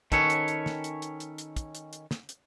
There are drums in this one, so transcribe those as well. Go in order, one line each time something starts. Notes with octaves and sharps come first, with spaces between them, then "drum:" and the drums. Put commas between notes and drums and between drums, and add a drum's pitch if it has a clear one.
D#3 C#4 A4 B4 C#5, drum: kick, hi-hat
drum: hi-hat
drum: hi-hat
drum: snare
drum: hi-hat
drum: hi-hat
drum: hi-hat
drum: hi-hat
drum: kick, hi-hat
drum: hi-hat
drum: hi-hat
drum: snare
drum: hi-hat